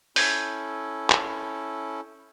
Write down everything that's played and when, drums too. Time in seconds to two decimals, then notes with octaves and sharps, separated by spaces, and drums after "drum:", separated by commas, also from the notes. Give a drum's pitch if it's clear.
0.16 C#4 E4 A4 G6 G#6, drum: open hi-hat
1.10 drum: clap